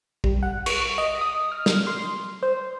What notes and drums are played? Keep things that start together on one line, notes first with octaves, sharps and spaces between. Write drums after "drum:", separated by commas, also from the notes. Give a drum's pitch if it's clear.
G3, drum: kick
F#5
C#6, drum: cymbal
D#5
D#6
F6
F6, drum: snare
C6
C5